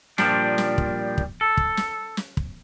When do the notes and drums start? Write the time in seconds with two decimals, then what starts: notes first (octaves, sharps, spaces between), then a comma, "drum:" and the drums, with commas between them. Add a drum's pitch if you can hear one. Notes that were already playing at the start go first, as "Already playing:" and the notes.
0.18 A#2 F3 G3 D4, drum: snare
0.58 drum: snare
0.78 drum: kick
1.18 drum: kick
1.41 A4
1.57 drum: kick
1.77 drum: snare
2.17 drum: snare
2.37 drum: kick